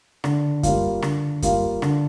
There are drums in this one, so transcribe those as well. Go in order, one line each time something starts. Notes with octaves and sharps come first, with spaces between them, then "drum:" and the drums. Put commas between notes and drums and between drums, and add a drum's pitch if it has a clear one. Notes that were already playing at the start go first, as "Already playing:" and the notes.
D3, drum: rim click
G3 A#3 F4, drum: kick F#2, hi-hat
D3, drum: rim click
G3 A#3 F4, drum: kick F#2, hi-hat
D3, drum: rim click